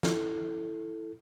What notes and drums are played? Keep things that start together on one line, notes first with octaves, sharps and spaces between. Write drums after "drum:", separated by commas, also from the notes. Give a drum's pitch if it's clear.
E4 A4, drum: snare